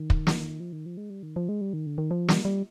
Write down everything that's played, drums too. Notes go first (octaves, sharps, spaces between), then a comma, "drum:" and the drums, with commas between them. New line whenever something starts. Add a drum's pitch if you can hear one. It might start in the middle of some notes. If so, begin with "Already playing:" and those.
Already playing: D#3
drum: kick
drum: snare
F3
D#3
F3
G#3
G3
D#3
F3
G#3
G3
D#3
D3
D#3
F3
G3, drum: snare
G3